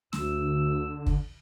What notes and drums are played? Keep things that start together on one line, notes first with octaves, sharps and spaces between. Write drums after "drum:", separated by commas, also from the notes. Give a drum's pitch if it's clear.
D2 D3 E6, drum: snare
drum: kick